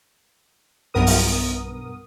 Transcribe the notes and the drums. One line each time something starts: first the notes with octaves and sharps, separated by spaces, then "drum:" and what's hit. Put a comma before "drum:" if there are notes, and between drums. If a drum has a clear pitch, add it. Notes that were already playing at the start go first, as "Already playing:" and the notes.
B1 G2 B3 A#4 D#6
drum: open hi-hat